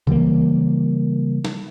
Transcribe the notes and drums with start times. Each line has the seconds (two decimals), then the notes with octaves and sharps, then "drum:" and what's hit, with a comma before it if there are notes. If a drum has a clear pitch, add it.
0.07 C#3 E3 G3 A#3, drum: kick C2
1.45 drum: snare